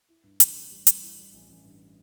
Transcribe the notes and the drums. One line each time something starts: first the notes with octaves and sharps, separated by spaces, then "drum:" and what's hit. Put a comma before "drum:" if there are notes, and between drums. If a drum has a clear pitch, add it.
E4
G2
A1, drum: hi-hat
G3
G3
G3, drum: hi-hat
E4
G3
A1
A1
G2